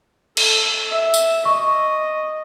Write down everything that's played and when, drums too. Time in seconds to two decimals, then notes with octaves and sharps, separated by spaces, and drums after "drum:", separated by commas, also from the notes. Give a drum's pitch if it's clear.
0.37 A4, drum: cymbal
0.89 E5
1.14 drum: tambourine
1.45 D#5 C#6